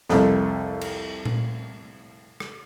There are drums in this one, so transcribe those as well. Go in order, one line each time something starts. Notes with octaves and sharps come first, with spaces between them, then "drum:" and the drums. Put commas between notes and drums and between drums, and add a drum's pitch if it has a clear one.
C2 F2, drum: snare
drum: cymbal
drum: tom A#2
drum: rim click